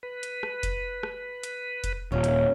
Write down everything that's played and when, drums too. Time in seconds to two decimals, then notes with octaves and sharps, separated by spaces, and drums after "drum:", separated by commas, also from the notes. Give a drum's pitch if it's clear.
0.03 B4
0.23 drum: hi-hat
0.43 drum: rim click
0.63 drum: kick F1, hi-hat
1.03 drum: rim click
1.43 drum: hi-hat
1.84 drum: kick F1, hi-hat
2.12 D#1 A#2 C#4
2.24 drum: hi-hat